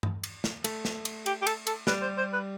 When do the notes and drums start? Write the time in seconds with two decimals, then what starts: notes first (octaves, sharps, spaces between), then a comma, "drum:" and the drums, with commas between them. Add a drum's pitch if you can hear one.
0.03 drum: tom G2
0.24 drum: cymbal
0.44 drum: snare
0.64 A3, drum: cymbal
0.85 drum: snare
1.05 drum: cymbal
1.26 G4, drum: cymbal
1.42 G4
1.47 A4, drum: cymbal
1.67 A4, drum: cymbal
1.87 G3 B4, drum: snare
2.02 C5
2.17 C5
2.33 B4